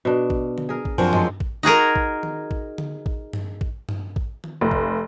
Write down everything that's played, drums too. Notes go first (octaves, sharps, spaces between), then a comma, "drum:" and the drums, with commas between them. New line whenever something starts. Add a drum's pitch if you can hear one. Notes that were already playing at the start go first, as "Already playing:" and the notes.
B2 D4
drum: kick
drum: tom D3
G#4 A#4
drum: kick
F#2 F3 C4 D4 A#4
G#3 C#4 A4, drum: tom G2
drum: kick
D#4 F#4 G#4 A#4
drum: kick
drum: tom D#3
drum: kick
drum: tom D3
drum: kick
drum: tom G2
drum: kick
drum: tom G2
drum: kick
drum: tom D#3
F1
drum: kick